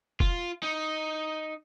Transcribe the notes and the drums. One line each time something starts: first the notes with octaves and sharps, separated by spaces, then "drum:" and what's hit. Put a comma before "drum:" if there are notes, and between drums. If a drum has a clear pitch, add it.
F4, drum: kick
D#4